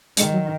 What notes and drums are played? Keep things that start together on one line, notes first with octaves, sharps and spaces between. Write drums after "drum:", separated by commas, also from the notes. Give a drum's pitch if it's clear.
D#3 G#3, drum: hi-hat
F#3